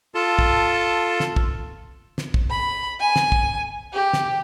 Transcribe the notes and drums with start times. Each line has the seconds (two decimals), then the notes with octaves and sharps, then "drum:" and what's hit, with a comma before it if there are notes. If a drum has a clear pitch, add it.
0.15 F4 A4 A5
0.39 drum: kick
1.20 drum: snare
1.36 drum: kick
2.18 drum: snare
2.34 drum: kick
2.49 B5
2.99 G#5
3.16 drum: snare
3.32 drum: kick
3.91 G4
4.13 drum: snare